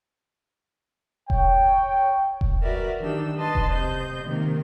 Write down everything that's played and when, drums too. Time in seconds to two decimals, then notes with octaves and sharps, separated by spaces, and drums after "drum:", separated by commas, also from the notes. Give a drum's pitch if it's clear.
1.30 C#5 G5, drum: kick E1
2.41 drum: kick E1
2.63 F#4 A#4 B4 D5 E5
3.00 D#3 E3 D4 D#4 G4 E6
3.37 B4 D#5 A5 C6
3.55 drum: kick E1
3.69 C3 C5 D#5 G6
4.25 C3 D#3 G#3 A#3 A#4